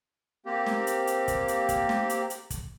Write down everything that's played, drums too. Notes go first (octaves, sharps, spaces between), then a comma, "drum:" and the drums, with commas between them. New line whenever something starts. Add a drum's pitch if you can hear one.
A#3 C4 G4
drum: snare
drum: hi-hat
drum: hi-hat
drum: kick, hi-hat
drum: hi-hat
drum: kick, hi-hat
drum: snare
drum: hi-hat
drum: hi-hat
drum: kick, hi-hat